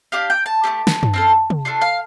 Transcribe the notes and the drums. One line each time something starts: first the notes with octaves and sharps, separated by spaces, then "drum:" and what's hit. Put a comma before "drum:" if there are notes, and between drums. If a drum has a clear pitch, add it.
D4 G4 F5
G5
A5
A3 C4 G4
drum: snare
drum: tom
C4 F4 A4
drum: tom
A3 D4 F4
F5